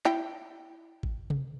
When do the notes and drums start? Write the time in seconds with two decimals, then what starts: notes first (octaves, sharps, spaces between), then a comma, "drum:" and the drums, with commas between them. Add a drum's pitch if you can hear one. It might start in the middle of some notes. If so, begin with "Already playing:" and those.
0.05 E4 G5, drum: clap
1.03 drum: kick G#1
1.30 drum: tom C3